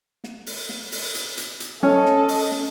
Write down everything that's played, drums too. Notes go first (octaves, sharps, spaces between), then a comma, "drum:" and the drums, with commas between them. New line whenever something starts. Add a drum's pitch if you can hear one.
drum: snare
drum: open hi-hat
drum: snare
drum: open hi-hat
drum: hi-hat
drum: hi-hat
drum: hi-hat
C#4 A4 D#5
drum: snare
drum: open hi-hat
drum: snare